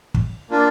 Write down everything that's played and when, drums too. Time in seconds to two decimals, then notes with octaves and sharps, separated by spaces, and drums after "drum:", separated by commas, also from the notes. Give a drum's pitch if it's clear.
0.14 drum: kick
0.50 A#3 D4 F4